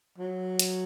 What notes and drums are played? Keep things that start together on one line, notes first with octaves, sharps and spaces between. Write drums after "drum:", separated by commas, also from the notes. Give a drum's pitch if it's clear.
F#3
drum: hi-hat